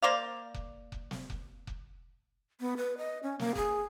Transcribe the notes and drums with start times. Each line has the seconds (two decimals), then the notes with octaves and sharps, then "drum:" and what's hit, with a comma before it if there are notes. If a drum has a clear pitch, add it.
0.02 A#3 C5 D5 F5
0.54 drum: kick F1
0.92 drum: kick F1
1.11 drum: snare
1.30 drum: kick F1
1.67 drum: kick F1
2.60 B3
2.77 B4
2.98 D#5
3.23 C#4
3.39 A#3, drum: snare
3.55 G#4, drum: kick F1